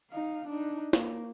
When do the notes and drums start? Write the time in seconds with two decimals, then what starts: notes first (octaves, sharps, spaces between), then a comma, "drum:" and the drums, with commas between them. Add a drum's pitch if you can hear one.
0.11 D#4 F5
0.48 D4 D#4
0.93 A#3, drum: snare